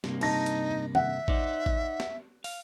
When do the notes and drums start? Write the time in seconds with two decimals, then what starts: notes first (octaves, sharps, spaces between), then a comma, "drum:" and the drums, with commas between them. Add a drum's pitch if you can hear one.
0.04 G2 C3 A#3, drum: snare
0.21 D#4 A5 A#6, drum: cymbal
0.46 drum: hi-hat
0.95 E5 F#5, drum: tom D#3
1.28 D#4 C5 D5, drum: kick A1
1.66 drum: kick A1
2.00 drum: snare
2.44 F5, drum: open hi-hat